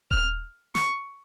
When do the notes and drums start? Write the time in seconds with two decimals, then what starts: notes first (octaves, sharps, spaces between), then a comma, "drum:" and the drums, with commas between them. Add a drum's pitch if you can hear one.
0.11 F6, drum: kick D#1
0.75 C#6, drum: snare